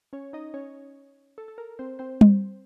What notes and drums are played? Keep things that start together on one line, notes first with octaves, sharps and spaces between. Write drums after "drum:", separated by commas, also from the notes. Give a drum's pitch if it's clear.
C#4 C#5
D#4 D#5
C#4 C#5
A4
A4
A#4
C4 C5
C4 C5
drum: tom G3